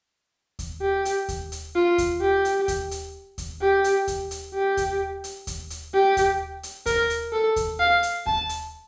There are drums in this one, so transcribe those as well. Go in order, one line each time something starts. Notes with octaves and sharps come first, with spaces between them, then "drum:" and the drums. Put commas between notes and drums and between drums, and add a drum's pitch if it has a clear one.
drum: kick D#2, hi-hat
G4
drum: hi-hat
drum: kick D#2, hi-hat
drum: hi-hat
F4
drum: kick D#2, hi-hat
G4
drum: hi-hat
drum: kick D#2, hi-hat
drum: hi-hat
drum: kick D#2, hi-hat
G4
drum: hi-hat
drum: kick D#2, hi-hat
drum: hi-hat
G4
drum: kick D#2, hi-hat
drum: hi-hat
drum: kick D#2, hi-hat
drum: hi-hat
G4
drum: kick D#2, hi-hat
drum: hi-hat
A#4, drum: kick D#2, hi-hat
drum: hi-hat
A4
drum: kick D#2, hi-hat
F5
drum: hi-hat
A5, drum: kick D#2
drum: hi-hat